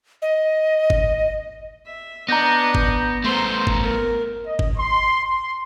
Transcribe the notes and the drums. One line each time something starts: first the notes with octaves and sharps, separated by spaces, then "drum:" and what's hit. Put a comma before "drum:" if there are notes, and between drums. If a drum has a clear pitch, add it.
D#5
drum: kick
E5
B3 D4 D#5 A#5 G6 A#6
drum: kick
A3 B3 C5 C6
drum: kick
A#4
D#5
drum: kick
C6
C6